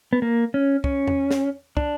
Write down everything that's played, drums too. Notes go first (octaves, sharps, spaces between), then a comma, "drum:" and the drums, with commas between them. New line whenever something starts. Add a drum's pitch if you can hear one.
B3
A#3
C#4
C#4, drum: kick
drum: tom E2
drum: snare
D4, drum: kick